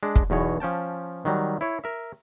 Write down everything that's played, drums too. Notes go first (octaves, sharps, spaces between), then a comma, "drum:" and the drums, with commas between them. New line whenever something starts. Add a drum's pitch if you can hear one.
G#3 D4
drum: kick
B1 E2 B2 C#5
F3 C#4 G5 A5
D#3 F#3 G3
E4 C#5
A#4 E5